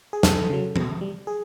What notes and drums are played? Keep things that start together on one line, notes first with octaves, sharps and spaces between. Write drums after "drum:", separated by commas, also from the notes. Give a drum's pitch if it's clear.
G#4
F2 A4, drum: snare
C#3 F#3
B2, drum: tom
G3
G#4